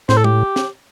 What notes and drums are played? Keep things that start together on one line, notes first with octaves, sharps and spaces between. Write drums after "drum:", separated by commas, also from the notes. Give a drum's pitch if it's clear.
A2 C5, drum: snare
A4
G4, drum: tom
drum: snare